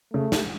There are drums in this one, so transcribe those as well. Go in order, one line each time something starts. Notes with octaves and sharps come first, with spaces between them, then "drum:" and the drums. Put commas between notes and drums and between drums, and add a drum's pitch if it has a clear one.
C#3 A3
drum: snare